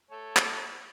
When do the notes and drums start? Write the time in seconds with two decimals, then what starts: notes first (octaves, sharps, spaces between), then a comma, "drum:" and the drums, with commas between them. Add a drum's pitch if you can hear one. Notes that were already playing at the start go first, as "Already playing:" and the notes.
0.11 A3 C#5 A5
0.36 drum: clap